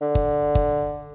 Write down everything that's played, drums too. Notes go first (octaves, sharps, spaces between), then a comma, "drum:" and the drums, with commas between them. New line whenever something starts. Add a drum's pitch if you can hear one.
D3
drum: kick G1
drum: kick G1